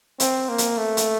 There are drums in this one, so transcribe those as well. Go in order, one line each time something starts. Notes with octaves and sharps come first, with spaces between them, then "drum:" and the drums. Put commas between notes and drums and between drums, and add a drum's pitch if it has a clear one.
C4, drum: hi-hat
A#3
drum: hi-hat
A3
drum: hi-hat